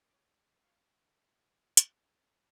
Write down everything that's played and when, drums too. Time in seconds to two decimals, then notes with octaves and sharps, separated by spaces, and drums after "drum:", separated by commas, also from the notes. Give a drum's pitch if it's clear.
0.10 C#5 D6
0.63 F5 C#6
1.77 drum: hi-hat